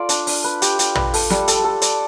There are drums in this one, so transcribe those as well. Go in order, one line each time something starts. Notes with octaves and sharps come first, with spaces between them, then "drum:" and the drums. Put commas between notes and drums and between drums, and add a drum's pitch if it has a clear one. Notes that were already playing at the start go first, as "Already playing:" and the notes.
Already playing: F4 A4 D5
D4, drum: hi-hat
D4, drum: open hi-hat
B4
G4, drum: hi-hat
G4, drum: hi-hat
B4, drum: tom
A4, drum: open hi-hat
G3, drum: snare
A4, drum: hi-hat
A4
D5, drum: hi-hat